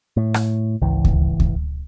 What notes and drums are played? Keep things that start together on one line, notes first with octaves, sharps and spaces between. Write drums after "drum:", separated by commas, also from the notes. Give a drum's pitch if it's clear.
A2
drum: rim click
G#1 C#2 E3
drum: kick D2
drum: kick D2